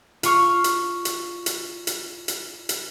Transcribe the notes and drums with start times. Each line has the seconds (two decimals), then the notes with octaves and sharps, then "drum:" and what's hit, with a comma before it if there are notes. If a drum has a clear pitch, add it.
0.23 F4 C#6 F6, drum: hi-hat
0.64 drum: hi-hat
1.05 drum: hi-hat
1.46 drum: hi-hat
1.87 drum: hi-hat
2.28 drum: hi-hat
2.69 drum: hi-hat